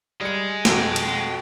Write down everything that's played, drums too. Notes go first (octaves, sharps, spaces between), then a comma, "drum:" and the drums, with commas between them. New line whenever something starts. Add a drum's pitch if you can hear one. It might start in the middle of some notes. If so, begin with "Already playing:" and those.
G3 G#3 C#7
F2 B2 G5, drum: snare
drum: cymbal